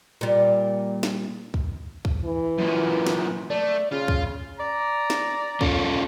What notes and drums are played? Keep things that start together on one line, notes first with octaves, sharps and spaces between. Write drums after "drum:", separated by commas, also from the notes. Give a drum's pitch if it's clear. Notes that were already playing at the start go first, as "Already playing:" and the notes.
A#2 G3
drum: snare
drum: kick
drum: kick
E3
F#2 A#2
drum: snare
A3 D5
C#3 F4
drum: kick
D5 A#5
drum: snare
C#4 F4 A4, drum: kick